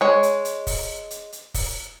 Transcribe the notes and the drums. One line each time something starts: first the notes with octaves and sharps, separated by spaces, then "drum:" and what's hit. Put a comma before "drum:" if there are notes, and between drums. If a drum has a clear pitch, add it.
G#3 C#5
drum: hi-hat
drum: hi-hat
drum: kick, open hi-hat
drum: hi-hat
drum: hi-hat
drum: kick, open hi-hat